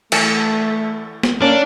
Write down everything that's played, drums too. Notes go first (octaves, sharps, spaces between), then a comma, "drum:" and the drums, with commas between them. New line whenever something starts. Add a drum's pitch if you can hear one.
E3 A3 A#4 A5, drum: cymbal
drum: snare
A#3 C#4 D4